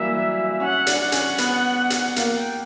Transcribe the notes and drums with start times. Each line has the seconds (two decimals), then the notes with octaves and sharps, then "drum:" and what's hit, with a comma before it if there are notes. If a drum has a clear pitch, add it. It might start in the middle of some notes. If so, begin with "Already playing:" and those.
Already playing: E3 F#3 G3 A#3 E5
0.60 C#4 F#5
0.87 D4, drum: hi-hat
1.00 F#5
1.12 C#4, drum: hi-hat
1.38 B3, drum: hi-hat
1.90 drum: hi-hat
2.16 A#3, drum: hi-hat
2.36 G5